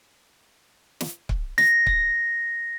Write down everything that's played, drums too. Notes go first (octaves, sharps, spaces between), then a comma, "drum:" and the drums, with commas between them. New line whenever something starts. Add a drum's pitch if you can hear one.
drum: snare
drum: kick C#1
A#6, drum: snare
drum: kick C#1